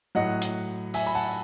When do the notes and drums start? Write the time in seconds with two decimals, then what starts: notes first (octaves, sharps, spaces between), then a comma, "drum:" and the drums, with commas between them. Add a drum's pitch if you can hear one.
0.15 A2 F#3 D#5 F#5
0.42 drum: hi-hat
0.94 E5 G#5, drum: open hi-hat
1.06 B5
1.15 F#5 A5